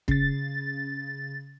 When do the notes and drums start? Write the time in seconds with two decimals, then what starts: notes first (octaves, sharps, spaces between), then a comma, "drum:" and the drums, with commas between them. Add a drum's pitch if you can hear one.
0.08 C#3 A6, drum: kick